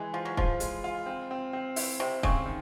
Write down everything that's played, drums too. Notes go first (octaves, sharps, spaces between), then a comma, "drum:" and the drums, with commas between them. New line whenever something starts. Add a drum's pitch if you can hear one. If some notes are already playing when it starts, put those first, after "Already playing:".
Already playing: E3 G#3
F3 F4
F#3
F3 F4, drum: kick
G#3, drum: hi-hat
F4
C4
C4
C4
E4, drum: open hi-hat
C3 C4
C#3 C4, drum: kick
D#3